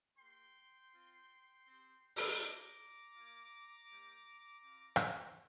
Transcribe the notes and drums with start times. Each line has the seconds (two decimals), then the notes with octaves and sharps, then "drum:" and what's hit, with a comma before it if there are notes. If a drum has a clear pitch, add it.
0.18 A#3 G4 G5 C6
0.92 C4 F4
1.67 C4 G4
2.16 drum: open hi-hat
2.41 A#3 G4 A#5 D6
3.16 A#3 F4
3.90 G3 A#3 G4
4.64 C4 F4
4.96 drum: rim click